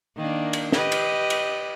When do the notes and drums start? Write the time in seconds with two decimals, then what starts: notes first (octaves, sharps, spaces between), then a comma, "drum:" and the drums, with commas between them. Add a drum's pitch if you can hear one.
0.17 D#3 A#3 D4
0.53 drum: cymbal
0.72 G4 B4 D#5, drum: snare
0.92 drum: cymbal
1.30 drum: cymbal